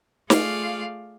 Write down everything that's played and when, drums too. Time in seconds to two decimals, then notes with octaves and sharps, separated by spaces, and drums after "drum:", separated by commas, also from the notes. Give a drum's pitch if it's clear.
0.30 A3 F4 G#4 D5 F5, drum: snare